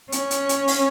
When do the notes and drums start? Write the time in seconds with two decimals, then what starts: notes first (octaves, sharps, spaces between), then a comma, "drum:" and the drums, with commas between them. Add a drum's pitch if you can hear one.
0.12 C#4, drum: hi-hat
0.31 drum: hi-hat
0.49 drum: hi-hat
0.68 drum: open hi-hat